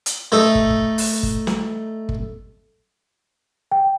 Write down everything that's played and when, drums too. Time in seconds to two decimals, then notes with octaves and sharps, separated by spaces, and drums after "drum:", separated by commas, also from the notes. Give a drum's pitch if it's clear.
0.06 drum: hi-hat
0.32 A3 D#4 A4
0.55 drum: kick
0.70 drum: kick
0.98 drum: open hi-hat
1.23 drum: kick
1.47 drum: snare
2.09 drum: kick
3.72 G5